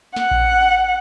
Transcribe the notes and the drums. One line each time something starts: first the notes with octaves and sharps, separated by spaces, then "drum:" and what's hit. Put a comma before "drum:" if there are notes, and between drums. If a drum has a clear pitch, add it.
F#5, drum: snare
drum: kick A#1